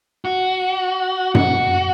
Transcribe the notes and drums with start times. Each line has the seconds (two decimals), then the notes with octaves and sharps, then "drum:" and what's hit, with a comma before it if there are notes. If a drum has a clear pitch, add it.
0.25 F#4
1.35 F#4, drum: tom F#2